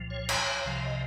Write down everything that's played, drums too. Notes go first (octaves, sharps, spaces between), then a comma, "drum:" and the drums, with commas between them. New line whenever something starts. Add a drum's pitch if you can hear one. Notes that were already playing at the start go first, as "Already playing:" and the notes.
Already playing: C2 A#2 F3
C#5
C#5, drum: cymbal
C2 C3 F3 F5
D#5